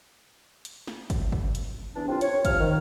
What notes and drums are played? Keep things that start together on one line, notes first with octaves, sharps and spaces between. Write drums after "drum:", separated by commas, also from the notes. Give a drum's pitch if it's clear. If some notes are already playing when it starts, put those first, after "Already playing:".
drum: hi-hat
drum: snare
drum: kick, hi-hat
drum: kick
drum: hi-hat
E2 D4
C2 C4 D4 F4
C#5, drum: hi-hat
C3 F3 F6, drum: kick, hi-hat
D#3